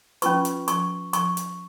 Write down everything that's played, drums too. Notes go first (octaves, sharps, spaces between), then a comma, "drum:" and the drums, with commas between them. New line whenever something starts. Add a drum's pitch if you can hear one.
C#4 F4 B4 C#6, drum: hi-hat
drum: hi-hat
C#6, drum: hi-hat
C#6, drum: hi-hat
drum: hi-hat